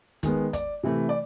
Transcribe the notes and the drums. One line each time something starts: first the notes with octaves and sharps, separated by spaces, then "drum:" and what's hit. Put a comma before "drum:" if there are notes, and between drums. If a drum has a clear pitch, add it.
D#3 G#3 B3, drum: kick, hi-hat
D5, drum: kick, hi-hat
C3 E3 A3
D5